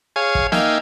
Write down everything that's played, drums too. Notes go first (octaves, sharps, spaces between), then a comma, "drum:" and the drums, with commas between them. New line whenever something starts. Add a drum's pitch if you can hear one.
G#4 C#5 F5 G#5
drum: kick
A#3 D#4 E5 F5 G5 G#5, drum: snare